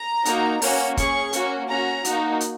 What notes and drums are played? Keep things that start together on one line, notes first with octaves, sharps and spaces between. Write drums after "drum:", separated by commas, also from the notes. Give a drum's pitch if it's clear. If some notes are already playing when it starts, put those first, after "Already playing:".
Already playing: A#5
A#3 D#4 F#4, drum: hi-hat
A#3 C#4 F#4, drum: open hi-hat
C#4 G#4 C#6, drum: kick, hi-hat
A#3 C#4 F#4, drum: hi-hat
C#4 F#4 A#5
A#3 D#4 F#4, drum: hi-hat
drum: hi-hat